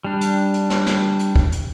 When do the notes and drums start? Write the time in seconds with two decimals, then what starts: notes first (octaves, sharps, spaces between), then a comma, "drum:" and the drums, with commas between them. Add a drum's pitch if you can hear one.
0.04 G3 D4
0.21 drum: hi-hat
0.54 drum: hi-hat
0.70 drum: snare
0.86 drum: snare
1.19 drum: hi-hat
1.36 drum: kick
1.52 drum: hi-hat